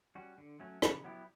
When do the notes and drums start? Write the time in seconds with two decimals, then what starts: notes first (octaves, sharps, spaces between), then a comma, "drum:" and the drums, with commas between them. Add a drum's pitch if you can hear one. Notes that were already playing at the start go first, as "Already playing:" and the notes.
0.15 G3 C#4 F#4
0.38 D3
0.60 F#3 A3 C#4
0.82 C#3, drum: rim click
1.04 F#3 B3 E4 G4